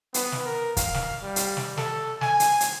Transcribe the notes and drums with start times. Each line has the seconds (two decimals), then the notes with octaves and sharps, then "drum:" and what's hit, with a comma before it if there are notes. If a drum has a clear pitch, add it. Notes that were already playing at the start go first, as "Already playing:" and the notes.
0.14 B3, drum: hi-hat
0.32 drum: snare
0.45 A#4
0.77 F5, drum: kick, hi-hat
0.94 drum: snare
1.23 G3
1.36 drum: hi-hat
1.57 drum: snare
1.77 A4, drum: snare
2.21 G#5, drum: snare
2.40 drum: hi-hat
2.60 drum: hi-hat